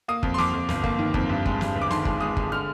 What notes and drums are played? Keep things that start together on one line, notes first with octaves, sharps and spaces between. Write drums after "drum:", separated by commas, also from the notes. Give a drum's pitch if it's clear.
A#3 D#6
F2, drum: kick
C6
F2 D6, drum: snare
F2
G1, drum: snare
A#3, drum: kick
D#3
F2, drum: kick
G2
G#3, drum: kick
G2, drum: snare
G1
D6
D#3 C6, drum: snare
G#3, drum: kick
G#3 D#6
G#3, drum: kick
D3 F6